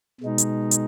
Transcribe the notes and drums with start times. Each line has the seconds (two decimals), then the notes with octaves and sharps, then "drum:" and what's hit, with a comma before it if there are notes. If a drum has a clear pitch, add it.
0.21 B2 G#3 D#4
0.38 drum: hi-hat
0.71 drum: hi-hat